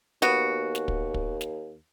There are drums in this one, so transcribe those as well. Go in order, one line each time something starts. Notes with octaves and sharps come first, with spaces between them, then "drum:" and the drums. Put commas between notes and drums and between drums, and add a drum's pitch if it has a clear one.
D#2 B3 F#4, drum: snare
drum: snare
drum: kick
drum: kick
drum: snare